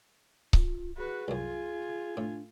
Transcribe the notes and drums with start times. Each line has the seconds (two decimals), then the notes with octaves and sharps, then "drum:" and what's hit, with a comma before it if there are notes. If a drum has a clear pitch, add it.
0.53 F4, drum: kick C#1
0.97 F#4 G#4 B4
1.28 C2 F#2 F4 G#5
2.17 A2 D4